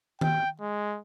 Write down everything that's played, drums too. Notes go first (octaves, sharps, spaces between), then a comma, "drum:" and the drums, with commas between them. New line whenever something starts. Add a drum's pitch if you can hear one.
G5, drum: tom D#3
G#3